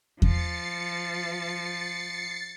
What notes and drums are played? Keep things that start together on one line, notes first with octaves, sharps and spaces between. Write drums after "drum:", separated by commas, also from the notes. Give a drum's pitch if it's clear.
F3 A6 C7 C#7, drum: kick E2